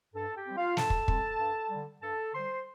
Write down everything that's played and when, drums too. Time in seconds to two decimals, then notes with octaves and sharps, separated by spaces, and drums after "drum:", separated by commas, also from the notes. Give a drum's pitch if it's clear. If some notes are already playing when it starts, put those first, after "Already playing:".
0.14 G2 A4 A5
0.36 G4 G5
0.46 G3 C4
0.56 F4 F5
0.77 G2 A4 A5, drum: snare
0.90 drum: kick
1.08 G3 C4, drum: kick
1.39 G2
1.70 D3 G3
2.01 G2 A4 A5
2.33 D3 G3 C5 C6